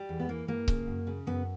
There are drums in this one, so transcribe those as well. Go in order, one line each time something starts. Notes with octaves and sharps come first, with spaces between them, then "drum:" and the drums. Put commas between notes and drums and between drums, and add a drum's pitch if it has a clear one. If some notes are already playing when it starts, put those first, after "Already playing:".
Already playing: G3
E2
B3
E3 A#3
G2 A#3
C#3, drum: kick C#1
F#2
C#3
F#2 B3